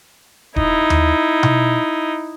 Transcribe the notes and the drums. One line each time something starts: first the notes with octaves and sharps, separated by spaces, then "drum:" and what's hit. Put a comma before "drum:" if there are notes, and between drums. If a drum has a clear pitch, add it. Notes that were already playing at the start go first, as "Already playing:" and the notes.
D#4 E4, drum: kick D#1
drum: tom D#2
drum: tom B2